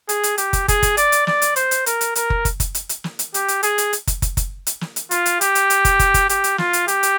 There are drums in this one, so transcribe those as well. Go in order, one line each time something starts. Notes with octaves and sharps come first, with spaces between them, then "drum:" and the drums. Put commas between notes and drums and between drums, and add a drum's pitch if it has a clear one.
G#4, drum: hi-hat
drum: hi-hat
G4, drum: hi-hat
drum: kick, hi-hat
G#4, drum: kick, hi-hat
drum: kick, hi-hat
D5, drum: hi-hat
drum: hi-hat
D5, drum: snare
drum: hi-hat
C5, drum: hi-hat
drum: hi-hat
A#4, drum: hi-hat
drum: hi-hat
A#4, drum: hi-hat
drum: kick
drum: kick, hi-hat
drum: kick, hi-hat
drum: hi-hat
drum: hi-hat
drum: snare
drum: hi-hat
G4, drum: hi-hat
drum: hi-hat
G#4, drum: hi-hat
drum: hi-hat
drum: hi-hat
drum: kick, hi-hat
drum: kick, hi-hat
drum: kick, hi-hat
drum: hi-hat
drum: snare
drum: hi-hat
F4, drum: hi-hat
drum: hi-hat
G4, drum: hi-hat
drum: hi-hat
drum: hi-hat
drum: kick, hi-hat
drum: kick, hi-hat
drum: kick, hi-hat
G4, drum: hi-hat
drum: hi-hat
F4, drum: snare
drum: hi-hat
G4, drum: hi-hat
drum: hi-hat